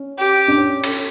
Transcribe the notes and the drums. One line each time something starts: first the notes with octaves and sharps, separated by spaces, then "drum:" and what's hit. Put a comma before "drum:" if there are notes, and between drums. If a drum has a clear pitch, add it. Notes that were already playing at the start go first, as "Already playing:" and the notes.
Already playing: C#4
G4
D4
C#4
drum: cymbal